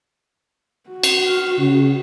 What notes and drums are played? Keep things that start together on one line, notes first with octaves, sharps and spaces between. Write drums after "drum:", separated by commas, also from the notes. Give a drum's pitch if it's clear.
F#4
drum: cymbal
F6
C#3